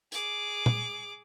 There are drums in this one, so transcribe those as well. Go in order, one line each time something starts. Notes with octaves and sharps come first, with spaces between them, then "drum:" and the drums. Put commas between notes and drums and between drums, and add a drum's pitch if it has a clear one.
G#4 D6, drum: hi-hat
drum: tom